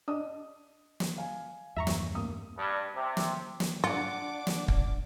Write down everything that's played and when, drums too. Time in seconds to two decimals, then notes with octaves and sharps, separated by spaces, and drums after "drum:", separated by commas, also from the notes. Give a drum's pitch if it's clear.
0.08 D4 D#5 D#6
1.00 drum: snare
1.18 F5 G#5
1.76 E2 G2 E5 A#5 C#6
1.87 drum: snare
2.15 A1 A#3 D#6
2.58 G2
2.95 C3
3.17 drum: snare
3.60 drum: snare
3.84 D4 F4 F#5 D6
4.47 drum: snare
4.68 drum: kick